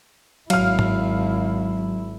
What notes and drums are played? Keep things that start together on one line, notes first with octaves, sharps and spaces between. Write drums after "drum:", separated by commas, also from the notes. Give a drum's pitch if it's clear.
G#1 F#3 E4 F5 F6, drum: cymbal
drum: tom G#2